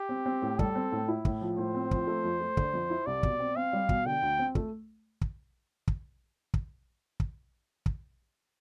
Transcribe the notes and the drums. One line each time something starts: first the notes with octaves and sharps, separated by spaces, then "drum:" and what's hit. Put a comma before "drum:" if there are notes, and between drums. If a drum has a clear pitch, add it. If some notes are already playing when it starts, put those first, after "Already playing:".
Already playing: G4
C4
C4
A2
G3 A4, drum: kick
C4
A2
E4
A2, drum: kick
F3
A2 C5
C4
F3, drum: kick
A3
F2
A3
D3, drum: kick
F2
E4
C2 D5
B2, drum: kick
C4
C4 F5
G3
B2, drum: kick
D3 G5
D2
C4
A3, drum: kick
drum: kick
drum: kick
drum: kick
drum: kick
drum: kick